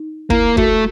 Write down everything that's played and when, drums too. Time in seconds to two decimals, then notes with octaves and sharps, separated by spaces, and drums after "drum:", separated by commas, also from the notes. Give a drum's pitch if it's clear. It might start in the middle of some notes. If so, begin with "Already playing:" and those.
Already playing: D#4
0.30 A#3 E4, drum: kick
0.57 A3 F#4, drum: kick